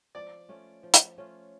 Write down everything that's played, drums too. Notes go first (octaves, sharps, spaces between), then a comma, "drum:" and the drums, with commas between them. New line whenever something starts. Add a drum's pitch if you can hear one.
F3 D5
A3 C#4 F4
F3
drum: hi-hat
A3 C#4 F4